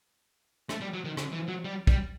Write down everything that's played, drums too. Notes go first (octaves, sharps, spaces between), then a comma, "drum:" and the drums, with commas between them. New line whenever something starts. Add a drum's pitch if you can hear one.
A3, drum: rim click
G3
F#3
D#3
D3, drum: rim click
E3
F#3
G3
G3, drum: kick